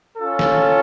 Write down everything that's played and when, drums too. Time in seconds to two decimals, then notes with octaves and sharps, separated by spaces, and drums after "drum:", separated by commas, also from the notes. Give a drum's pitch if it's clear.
0.17 C#4 F4 A4
0.39 drum: snare